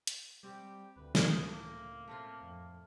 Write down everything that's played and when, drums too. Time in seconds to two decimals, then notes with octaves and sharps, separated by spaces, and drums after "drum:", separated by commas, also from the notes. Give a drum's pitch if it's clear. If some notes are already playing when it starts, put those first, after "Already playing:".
0.07 drum: hi-hat
0.43 G3 C4 G4
0.96 D2 B4
1.15 C#2 D#4, drum: snare
1.47 A2 A#3
2.08 A3 C4 F4
2.42 F2